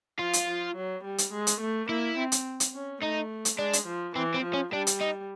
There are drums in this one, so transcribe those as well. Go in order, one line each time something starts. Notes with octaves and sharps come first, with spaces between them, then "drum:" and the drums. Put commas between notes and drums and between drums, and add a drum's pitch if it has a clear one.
F3 F4
drum: hi-hat
F3
F#3
G3
drum: hi-hat
G#3
drum: hi-hat
A3
A#3 E4
C4
drum: hi-hat
drum: hi-hat
C#4
A3 D#4
drum: hi-hat
G#3 D4
drum: hi-hat
F3
E3 C4
C4
F3
C#4
G3 D4
drum: hi-hat
D#4